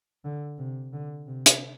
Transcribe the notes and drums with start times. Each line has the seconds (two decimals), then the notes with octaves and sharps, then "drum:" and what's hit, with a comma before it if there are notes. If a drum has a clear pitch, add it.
0.25 D3
0.58 C3
0.93 D3
1.27 C3
1.46 drum: hi-hat